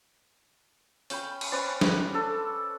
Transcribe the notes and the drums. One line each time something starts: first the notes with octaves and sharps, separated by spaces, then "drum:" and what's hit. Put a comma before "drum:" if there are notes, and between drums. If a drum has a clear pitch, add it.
C#4 G5 B5, drum: open hi-hat
drum: cymbal
C#4 B4 C5 D5
drum: snare
A4